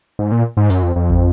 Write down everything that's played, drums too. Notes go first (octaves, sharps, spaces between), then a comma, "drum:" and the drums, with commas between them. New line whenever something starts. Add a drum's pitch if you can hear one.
G#2
A#2
G#2
F#2, drum: open hi-hat
F2
F2
drum: kick